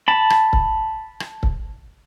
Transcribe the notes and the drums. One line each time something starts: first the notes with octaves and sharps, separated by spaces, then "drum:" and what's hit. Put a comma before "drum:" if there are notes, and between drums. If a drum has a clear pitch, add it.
A5 B5
drum: rim click
drum: kick C#1
drum: rim click
drum: kick C#1